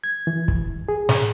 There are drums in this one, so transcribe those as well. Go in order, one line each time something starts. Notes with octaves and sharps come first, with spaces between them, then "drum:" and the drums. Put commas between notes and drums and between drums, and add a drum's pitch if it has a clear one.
G#6
E3
drum: kick
G#4
drum: snare